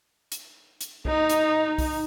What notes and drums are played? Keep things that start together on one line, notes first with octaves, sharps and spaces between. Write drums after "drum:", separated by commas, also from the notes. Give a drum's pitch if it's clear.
drum: hi-hat
drum: hi-hat
D#4, drum: kick B1
drum: hi-hat
drum: kick B1, open hi-hat